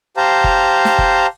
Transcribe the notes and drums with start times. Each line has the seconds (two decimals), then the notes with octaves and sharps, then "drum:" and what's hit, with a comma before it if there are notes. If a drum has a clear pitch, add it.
0.17 G4 C5 F5 A5 A#5
0.44 drum: kick F#1
0.85 drum: snare
0.99 drum: kick F#1